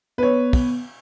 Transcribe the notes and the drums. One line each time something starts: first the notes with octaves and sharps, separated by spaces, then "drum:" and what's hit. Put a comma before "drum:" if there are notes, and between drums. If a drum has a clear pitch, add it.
B3 B4 C#5
drum: kick, cymbal